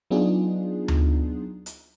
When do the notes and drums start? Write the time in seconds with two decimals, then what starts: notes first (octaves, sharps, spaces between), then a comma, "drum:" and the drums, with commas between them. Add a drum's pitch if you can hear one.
0.11 F#3 B3 D4 D#4 F4 G#4
0.88 drum: tom D2
1.66 drum: hi-hat